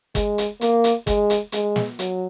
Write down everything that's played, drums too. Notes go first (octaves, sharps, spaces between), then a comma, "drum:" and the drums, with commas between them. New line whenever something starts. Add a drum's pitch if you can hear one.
G#3, drum: kick, hi-hat
drum: hi-hat
A#3, drum: hi-hat
drum: hi-hat
G#3, drum: kick, hi-hat
drum: hi-hat
G#3, drum: hi-hat
drum: snare
F#3, drum: hi-hat